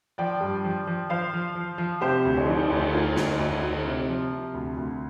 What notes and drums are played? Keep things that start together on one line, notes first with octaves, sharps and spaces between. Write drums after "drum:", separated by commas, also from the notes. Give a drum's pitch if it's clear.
F3 D5 G5
G2
F3
F3
F3 C5 F5
F3
F3
F3
C3 G4 C5
D2
drum: cymbal
F3
D2
D2 F4 A#4
D2, drum: snare
D2
D2
C3
F3
C3
D2
D2